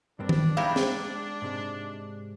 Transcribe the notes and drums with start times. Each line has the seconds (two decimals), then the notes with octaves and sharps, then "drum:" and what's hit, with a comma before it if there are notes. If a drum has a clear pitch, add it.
0.20 G2 A#3 C4 D4
0.29 drum: tom D#3
0.57 G#3 D#4 E4 G4 F5
0.76 drum: snare
1.42 G#2 C3 G#3